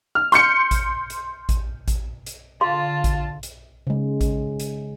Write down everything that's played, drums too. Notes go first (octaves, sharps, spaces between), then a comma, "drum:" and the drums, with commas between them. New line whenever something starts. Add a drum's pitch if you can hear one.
F6
C6 G6 C#7, drum: hi-hat
drum: kick A1, hi-hat
drum: hi-hat
drum: kick A1, hi-hat
drum: kick A1, hi-hat
drum: hi-hat
D3 F4 G#4 F5 A5 C6
drum: kick A1, hi-hat
drum: hi-hat
C#3 G#3
drum: kick A1, hi-hat
drum: hi-hat